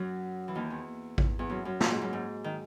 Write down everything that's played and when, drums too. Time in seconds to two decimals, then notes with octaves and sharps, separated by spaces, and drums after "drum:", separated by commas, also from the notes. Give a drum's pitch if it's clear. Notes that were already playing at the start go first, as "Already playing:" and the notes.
Already playing: F#2 F#3
0.48 E3
0.55 D#2 D#3
0.70 E2
1.18 drum: kick A1
1.39 E2
1.50 F#2
1.65 F#2
1.81 A#2, drum: snare
1.91 G#2
2.01 F#2
2.13 G#2
2.44 D#3